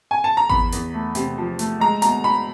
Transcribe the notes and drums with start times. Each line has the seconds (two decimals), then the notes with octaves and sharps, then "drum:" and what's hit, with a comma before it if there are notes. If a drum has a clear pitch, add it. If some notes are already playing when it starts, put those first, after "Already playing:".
0.11 G#5
0.24 A5
0.37 A#5
0.49 E2 B5, drum: kick G#1
0.72 E2, drum: hi-hat
0.94 A3
1.15 C3, drum: hi-hat
1.38 F3
1.59 A3, drum: hi-hat
1.80 G#3 A#5
2.02 B2 A#5, drum: hi-hat
2.24 B2 B5